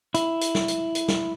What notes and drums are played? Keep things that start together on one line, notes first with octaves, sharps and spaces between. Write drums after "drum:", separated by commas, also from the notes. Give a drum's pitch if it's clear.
E4, drum: hi-hat
drum: hi-hat
drum: snare
drum: hi-hat
drum: hi-hat
drum: snare